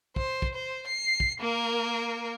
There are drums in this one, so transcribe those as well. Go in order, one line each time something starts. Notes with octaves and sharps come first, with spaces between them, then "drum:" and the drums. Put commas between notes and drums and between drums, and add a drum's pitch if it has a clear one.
C5, drum: kick
drum: kick
C5
C7
drum: kick
A#3 A#4